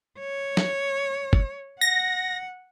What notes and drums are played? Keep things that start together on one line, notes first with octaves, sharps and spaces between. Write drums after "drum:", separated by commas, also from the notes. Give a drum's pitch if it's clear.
C#5
drum: snare
drum: kick
F#5 A#6